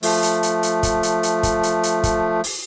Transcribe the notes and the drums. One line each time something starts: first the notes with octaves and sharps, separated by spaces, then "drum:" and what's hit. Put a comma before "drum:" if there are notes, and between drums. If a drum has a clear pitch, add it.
F3 A3, drum: open hi-hat
drum: hi-hat
drum: hi-hat
drum: hi-hat
drum: kick, hi-hat
drum: hi-hat
drum: hi-hat
drum: kick, hi-hat
drum: hi-hat
drum: hi-hat
drum: kick, hi-hat
drum: open hi-hat